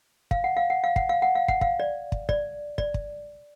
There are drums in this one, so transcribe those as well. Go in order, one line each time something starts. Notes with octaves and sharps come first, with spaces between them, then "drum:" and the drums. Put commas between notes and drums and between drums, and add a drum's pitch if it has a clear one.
F5, drum: kick
F#5
F5
F#5
F5
F#5, drum: kick
F5
F#5
F5
F#5, drum: kick
F5, drum: kick
D5
drum: kick
D5, drum: kick
D5, drum: kick
drum: kick